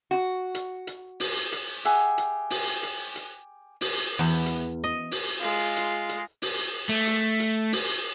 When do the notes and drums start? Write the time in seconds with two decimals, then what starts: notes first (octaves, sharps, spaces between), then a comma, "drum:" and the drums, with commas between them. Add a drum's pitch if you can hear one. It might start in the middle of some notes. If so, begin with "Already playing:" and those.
0.11 F#4
0.55 drum: hi-hat
0.87 drum: hi-hat
1.20 drum: open hi-hat
1.52 drum: hi-hat
1.85 G4 G#4 E5 F#5, drum: hi-hat
2.18 drum: hi-hat
2.50 drum: open hi-hat
2.83 drum: hi-hat
3.16 drum: hi-hat
3.81 drum: open hi-hat
4.19 E2
4.46 drum: hi-hat
4.84 D#5
5.11 drum: open hi-hat
5.40 G#3 F4
5.77 drum: hi-hat
6.09 drum: hi-hat
6.42 drum: open hi-hat
6.89 A3
7.07 drum: hi-hat
7.40 drum: hi-hat
7.72 drum: open hi-hat